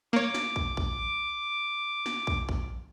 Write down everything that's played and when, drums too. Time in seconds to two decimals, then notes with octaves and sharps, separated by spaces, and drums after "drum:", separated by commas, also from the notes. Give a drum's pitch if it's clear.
0.13 A#3 C#5 D6
0.34 drum: snare
0.56 drum: kick
0.77 drum: kick
2.06 drum: snare
2.27 drum: kick
2.49 drum: kick